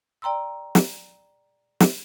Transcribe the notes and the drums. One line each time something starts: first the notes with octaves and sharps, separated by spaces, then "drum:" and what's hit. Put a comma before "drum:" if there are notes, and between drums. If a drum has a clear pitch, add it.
D5 G5 A#5 C6 E6
drum: snare
drum: snare